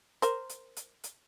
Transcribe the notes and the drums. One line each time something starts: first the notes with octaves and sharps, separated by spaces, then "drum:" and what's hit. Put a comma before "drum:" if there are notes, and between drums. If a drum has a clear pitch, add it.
A#4 C5, drum: hi-hat
drum: hi-hat
drum: hi-hat
drum: hi-hat